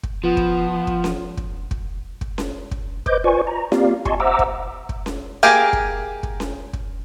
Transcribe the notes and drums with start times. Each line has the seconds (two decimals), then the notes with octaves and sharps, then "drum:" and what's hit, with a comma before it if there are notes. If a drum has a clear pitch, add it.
0.03 drum: kick
0.24 F3 B3 F4
0.37 drum: kick
0.87 drum: kick
1.04 drum: snare C#4
1.37 drum: kick
1.71 drum: kick
2.21 drum: kick
2.38 drum: snare C#4
2.71 drum: kick
3.06 B4 C5 D#5 D6 G6, drum: kick
3.24 F4 B4 C5 D5 G#5 C#6
3.47 A#5
3.72 A#3 C4 F4 G4 D5 F5, drum: snare C#4
4.05 D#5 G#5 A5 C6 C#6, drum: kick
4.20 C5 E5 F#5 A#5 D6 E6
4.39 drum: kick
4.89 drum: kick
5.06 drum: snare C#4
5.43 A#3 G4 G#4 A#4
5.73 drum: kick
6.23 drum: kick
6.40 drum: snare C#4
6.73 drum: kick